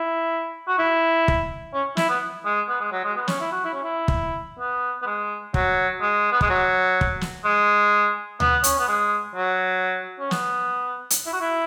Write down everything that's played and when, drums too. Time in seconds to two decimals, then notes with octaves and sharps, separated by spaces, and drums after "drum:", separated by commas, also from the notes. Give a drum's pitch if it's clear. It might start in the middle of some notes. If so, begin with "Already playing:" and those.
Already playing: E4
0.68 F#4
0.78 E4
1.28 drum: kick
1.73 C#4
1.97 E4, drum: snare
2.09 B3
2.45 G#3
2.69 B3
2.80 G#3
2.92 F#3
3.05 G#3
3.16 B3
3.28 C#4, drum: snare
3.40 E4
3.52 F#4
3.64 E4
3.73 C#4
3.83 E4
4.08 drum: kick
4.59 B3
5.02 B3
5.06 G#3
5.54 F#3, drum: kick
6.01 G#3
6.31 B3
6.41 G#3, drum: kick
6.49 F#3
7.01 drum: kick
7.21 drum: snare
7.45 G#3
8.40 B3, drum: tom D2
8.64 C#4, drum: hi-hat
8.79 B3
8.88 G#3
9.35 F#3
10.20 C#4
10.31 B3, drum: snare
11.10 drum: hi-hat
11.26 E4
11.33 F#4
11.41 E4